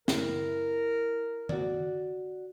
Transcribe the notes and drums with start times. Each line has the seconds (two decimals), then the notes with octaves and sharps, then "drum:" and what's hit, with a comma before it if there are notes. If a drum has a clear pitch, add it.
0.08 E4 A#4, drum: snare
1.49 F#4 D5, drum: tom D#3